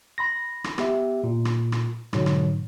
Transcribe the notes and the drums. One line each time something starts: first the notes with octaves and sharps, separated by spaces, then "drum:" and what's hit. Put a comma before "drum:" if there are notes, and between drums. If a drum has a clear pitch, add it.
B5 C6 A#6
drum: rim click
B3 G4 E5, drum: rim click
A#2
drum: rim click
drum: rim click
G#2 B2 D3 F#3, drum: rim click
drum: rim click